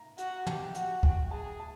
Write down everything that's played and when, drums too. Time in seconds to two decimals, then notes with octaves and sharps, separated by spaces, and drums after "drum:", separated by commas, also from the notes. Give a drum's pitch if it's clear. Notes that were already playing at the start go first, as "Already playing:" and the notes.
Already playing: A#5
0.18 F#4, drum: hi-hat
0.47 G4 A5, drum: tom
0.60 G5
0.75 F#4 F#5, drum: hi-hat
1.03 F#4 G5, drum: kick
1.31 G#4 A5
1.60 A5